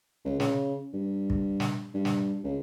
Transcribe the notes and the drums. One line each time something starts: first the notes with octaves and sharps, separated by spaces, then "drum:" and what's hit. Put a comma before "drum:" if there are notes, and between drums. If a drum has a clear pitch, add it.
C#2
C#3, drum: snare
G2
drum: kick
drum: snare
G2
drum: snare
C#2